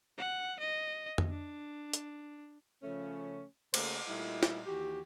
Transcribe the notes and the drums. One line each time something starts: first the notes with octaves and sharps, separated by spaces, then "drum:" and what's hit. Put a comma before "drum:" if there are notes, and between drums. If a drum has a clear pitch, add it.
F#5
D#5
drum: tom F2
D4
drum: hi-hat
C#3 F3 A3 C#4
C#3 A3 A#3 G#4 A4 C5, drum: cymbal
A#2 G3 A3 D#4 E4
drum: snare
D#2 E3 F#4 G4